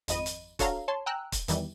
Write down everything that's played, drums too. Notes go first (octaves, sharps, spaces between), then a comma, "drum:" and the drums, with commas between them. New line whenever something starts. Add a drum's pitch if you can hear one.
G#1 F2 D#5 B5 D#7, drum: hi-hat
drum: hi-hat
D4 F#4 A4 C#5 F5 A#5, drum: kick, hi-hat
C#5 A5 C6
G5 G#5 A#5 E6 F#6
drum: kick, hi-hat
E2 D#3 E3 G3, drum: hi-hat